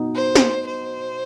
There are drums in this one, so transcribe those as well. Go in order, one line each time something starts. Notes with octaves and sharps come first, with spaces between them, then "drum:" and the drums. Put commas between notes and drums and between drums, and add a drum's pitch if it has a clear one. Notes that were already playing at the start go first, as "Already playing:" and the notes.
Already playing: B2 B3 D#4
C5
drum: snare
C5